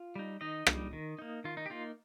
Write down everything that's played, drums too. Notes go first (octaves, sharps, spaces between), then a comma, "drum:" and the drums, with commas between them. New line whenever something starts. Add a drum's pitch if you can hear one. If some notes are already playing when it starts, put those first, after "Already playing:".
Already playing: F4
G3 D#4
D#3 D#4 D#5
G3 D#4, drum: rim click
D#3
A#3 D#4
D#3 F4
D#4
G4
A#3 D#4 F4